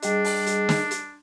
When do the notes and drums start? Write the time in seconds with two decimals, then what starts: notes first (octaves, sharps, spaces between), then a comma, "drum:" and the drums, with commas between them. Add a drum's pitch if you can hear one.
0.02 G3 D4 G#4 D#5, drum: hi-hat
0.24 drum: open hi-hat
0.47 drum: hi-hat
0.69 drum: snare
0.91 drum: hi-hat